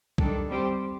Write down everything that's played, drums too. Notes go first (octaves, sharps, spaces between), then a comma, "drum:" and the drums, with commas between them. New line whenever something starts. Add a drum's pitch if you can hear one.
D#3 G3 D4 A4, drum: kick B1
G3 C4 G4 C5